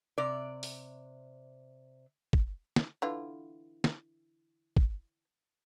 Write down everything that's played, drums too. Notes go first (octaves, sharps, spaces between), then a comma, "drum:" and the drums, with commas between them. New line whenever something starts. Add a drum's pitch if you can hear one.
C3 D5
drum: open hi-hat
drum: kick
drum: snare
D3 E3 F4
drum: snare
drum: kick